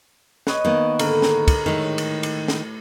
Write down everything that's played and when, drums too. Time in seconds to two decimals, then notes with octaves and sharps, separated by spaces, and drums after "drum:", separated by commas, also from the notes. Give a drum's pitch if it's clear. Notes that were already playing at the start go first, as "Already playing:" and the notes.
0.47 B4 C#5 D#5, drum: snare
0.65 D#3 A#3 B3
0.99 G#2 D3 A#4 B4, drum: cymbal
1.22 drum: snare
1.48 drum: kick, cymbal
1.66 A2 D#3 G#3 C#5
1.98 drum: cymbal
2.23 drum: cymbal
2.48 drum: snare